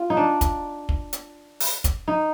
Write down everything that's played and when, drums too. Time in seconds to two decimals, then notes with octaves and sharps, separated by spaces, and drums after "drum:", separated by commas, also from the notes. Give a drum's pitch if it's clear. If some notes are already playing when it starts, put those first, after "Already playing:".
Already playing: F4
0.10 D#4
0.17 D4
0.41 drum: kick, hi-hat
0.89 drum: kick
1.13 drum: hi-hat
1.60 drum: open hi-hat
1.84 drum: kick, hi-hat
2.08 D#4